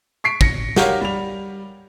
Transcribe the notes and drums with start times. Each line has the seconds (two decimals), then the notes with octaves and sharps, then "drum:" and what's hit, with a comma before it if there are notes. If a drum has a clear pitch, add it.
0.24 C#6 B6 C7 D7
0.41 A#6 C#7, drum: kick
0.76 F#4 G4 A#4 C#5 F5, drum: snare
1.01 G3 F7